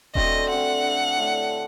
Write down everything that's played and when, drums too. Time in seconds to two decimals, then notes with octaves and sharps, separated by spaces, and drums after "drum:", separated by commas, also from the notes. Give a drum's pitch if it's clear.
0.15 D3 A3 C4 F#4 D#5, drum: kick D#1
0.49 D3 G3 C4 F#5
0.83 D3 G3 C4
1.17 A2 A3 D4